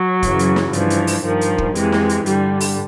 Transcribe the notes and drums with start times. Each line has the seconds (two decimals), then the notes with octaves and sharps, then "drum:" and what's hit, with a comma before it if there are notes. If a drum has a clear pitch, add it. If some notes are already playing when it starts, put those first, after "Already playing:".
Already playing: F#3
0.23 F#2 C#3 E3, drum: kick, hi-hat
0.39 drum: hi-hat
0.56 drum: snare
0.73 G2 E3 F3, drum: hi-hat
0.90 drum: hi-hat
1.07 drum: open hi-hat
1.24 G2 D#3 F3
1.41 drum: hi-hat
1.58 drum: kick
1.75 F2 C3 E3 G#3, drum: hi-hat
1.92 drum: snare
2.09 drum: hi-hat
2.26 G2 D3 G3, drum: hi-hat
2.60 drum: open hi-hat